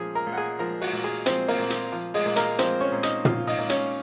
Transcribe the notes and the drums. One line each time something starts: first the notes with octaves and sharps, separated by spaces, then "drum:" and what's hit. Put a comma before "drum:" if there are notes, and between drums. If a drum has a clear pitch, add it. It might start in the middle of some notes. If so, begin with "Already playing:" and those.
Already playing: A#2 F3 C#4 F4 G#4 G#5
A#4 A#5
A#2
F#5
G#4 G#5
F3 A#4 A#5
F#4 F#5, drum: open hi-hat
A#2
G#4 G#5
F3 C4 C5, drum: hi-hat
A#3 A#4, drum: open hi-hat
A#2
drum: hi-hat
F3
G#3 G#4, drum: open hi-hat
A#2
A#3 A#4, drum: hi-hat
F3 C4 C5, drum: hi-hat
C#4 C#5
A#2
D#4 D#5, drum: hi-hat
F3 F4 F5, drum: tom
D#4 D#5, drum: open hi-hat
A#2
C#4 C#5, drum: hi-hat